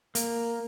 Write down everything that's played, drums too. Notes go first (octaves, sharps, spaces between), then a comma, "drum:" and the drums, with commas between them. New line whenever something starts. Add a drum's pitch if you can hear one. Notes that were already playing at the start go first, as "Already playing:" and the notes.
A#3, drum: hi-hat